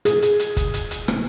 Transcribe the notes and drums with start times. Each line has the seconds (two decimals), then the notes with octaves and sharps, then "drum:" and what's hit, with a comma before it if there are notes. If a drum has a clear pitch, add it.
0.05 G#4, drum: hi-hat
0.22 drum: hi-hat
0.39 drum: hi-hat
0.57 drum: kick, hi-hat
0.74 drum: hi-hat
0.91 drum: hi-hat
1.08 drum: rim click